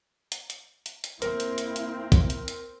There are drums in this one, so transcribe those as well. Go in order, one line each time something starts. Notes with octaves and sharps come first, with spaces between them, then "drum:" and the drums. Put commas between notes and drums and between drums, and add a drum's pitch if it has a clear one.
drum: hi-hat
drum: hi-hat
drum: hi-hat
drum: hi-hat
A#3 C4 E4 A#4 C5, drum: hi-hat
drum: hi-hat
drum: hi-hat
drum: hi-hat
drum: kick, hi-hat
drum: hi-hat
drum: hi-hat